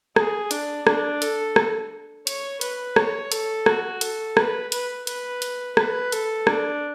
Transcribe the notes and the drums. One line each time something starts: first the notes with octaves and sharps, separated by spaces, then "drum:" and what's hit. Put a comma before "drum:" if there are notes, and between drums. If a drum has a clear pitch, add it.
G#4, drum: rim click
D4, drum: hi-hat
D4, drum: rim click
A4, drum: hi-hat
drum: rim click
C#5, drum: hi-hat
B4, drum: hi-hat
C#5, drum: rim click
A4, drum: hi-hat
F#4, drum: rim click
A4, drum: hi-hat
B4, drum: rim click
B4, drum: hi-hat
B4, drum: hi-hat
drum: hi-hat
B4, drum: rim click
A4, drum: hi-hat
D4, drum: rim click